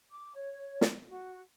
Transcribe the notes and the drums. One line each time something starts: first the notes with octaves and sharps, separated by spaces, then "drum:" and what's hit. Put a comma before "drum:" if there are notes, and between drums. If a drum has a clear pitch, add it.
D6
C#5
drum: snare
F#4